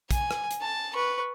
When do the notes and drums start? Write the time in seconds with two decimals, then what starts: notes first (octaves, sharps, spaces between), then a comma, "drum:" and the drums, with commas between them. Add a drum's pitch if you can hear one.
0.11 G#5, drum: kick, hi-hat
0.31 drum: rim click
0.51 drum: hi-hat
0.61 A5
0.95 B4 C#6